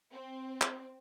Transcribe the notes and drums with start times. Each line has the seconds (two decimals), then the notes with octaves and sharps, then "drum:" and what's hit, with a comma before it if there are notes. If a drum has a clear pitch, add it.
0.12 C4
0.61 drum: clap